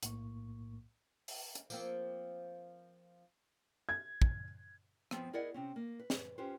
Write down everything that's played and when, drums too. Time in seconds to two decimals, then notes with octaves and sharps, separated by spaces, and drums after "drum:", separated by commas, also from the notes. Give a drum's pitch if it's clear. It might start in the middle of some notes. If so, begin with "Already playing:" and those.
0.03 B1 A2 A#3 C#6, drum: hi-hat
1.28 drum: open hi-hat
1.55 drum: hi-hat
1.70 F3 A#3 C4, drum: tambourine
3.89 G#6
4.22 drum: kick
5.11 F3 B3 C4, drum: rim click
5.33 E4 G#4 A#4 D5 D#5 F#5
5.54 C3 C4 C#4
5.76 A#3
5.99 B4
6.10 drum: snare
6.38 C#4 F4 G4 B4 C5